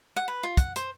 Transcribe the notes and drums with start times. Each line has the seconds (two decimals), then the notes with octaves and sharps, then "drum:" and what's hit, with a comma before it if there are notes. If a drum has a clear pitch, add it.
0.16 F#5
0.28 B4
0.43 F4
0.57 F#5, drum: kick, hi-hat
0.76 C5, drum: hi-hat